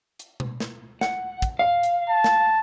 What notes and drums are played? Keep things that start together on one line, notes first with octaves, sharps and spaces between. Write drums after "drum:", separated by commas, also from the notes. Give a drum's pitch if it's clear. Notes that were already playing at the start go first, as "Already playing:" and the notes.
drum: hi-hat
drum: tom B2
drum: snare
F#5, drum: snare
drum: kick, hi-hat
F5
drum: hi-hat
A5
drum: snare